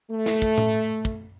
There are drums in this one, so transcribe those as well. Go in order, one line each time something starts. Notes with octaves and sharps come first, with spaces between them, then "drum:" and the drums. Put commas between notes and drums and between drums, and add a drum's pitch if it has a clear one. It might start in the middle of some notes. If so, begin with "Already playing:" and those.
A3
drum: snare
drum: kick
drum: tom A2
drum: kick